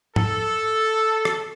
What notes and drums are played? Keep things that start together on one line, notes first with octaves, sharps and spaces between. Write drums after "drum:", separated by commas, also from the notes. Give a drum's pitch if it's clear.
A4, drum: tom
drum: rim click